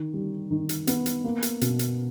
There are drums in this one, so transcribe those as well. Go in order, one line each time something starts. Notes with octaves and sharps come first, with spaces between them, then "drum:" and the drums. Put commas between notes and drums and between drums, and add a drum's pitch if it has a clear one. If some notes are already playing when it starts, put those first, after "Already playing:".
Already playing: D#3
G3
D#3
drum: hi-hat
B3, drum: hi-hat
drum: hi-hat
A#3
drum: hi-hat
B2, drum: hi-hat
drum: hi-hat